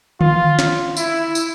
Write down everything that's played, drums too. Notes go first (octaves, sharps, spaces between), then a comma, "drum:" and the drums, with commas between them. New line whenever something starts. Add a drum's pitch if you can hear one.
F4, drum: tom D3
drum: snare
E4, drum: tambourine
drum: tambourine